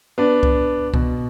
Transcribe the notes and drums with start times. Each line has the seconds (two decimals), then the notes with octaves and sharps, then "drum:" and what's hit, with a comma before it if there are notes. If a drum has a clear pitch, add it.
0.18 B3 D4
0.43 drum: kick C2
0.94 B2, drum: kick C2